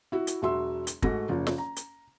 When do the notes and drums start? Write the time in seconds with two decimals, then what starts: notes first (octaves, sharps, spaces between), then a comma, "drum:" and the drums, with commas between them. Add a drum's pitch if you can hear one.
0.12 E4 F#4
0.27 drum: hi-hat
0.42 E1 F#3 F#4 E5 C6 E6
0.87 drum: hi-hat
1.02 G#2 A3 F#4 A#6, drum: kick
1.29 F#1 F3
1.47 drum: snare
1.58 A#5
1.76 drum: hi-hat